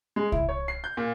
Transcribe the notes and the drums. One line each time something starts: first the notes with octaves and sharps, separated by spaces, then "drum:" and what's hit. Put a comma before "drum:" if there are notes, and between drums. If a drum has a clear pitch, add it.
G#3
E4, drum: kick C2
C#5
C7
G6
A#2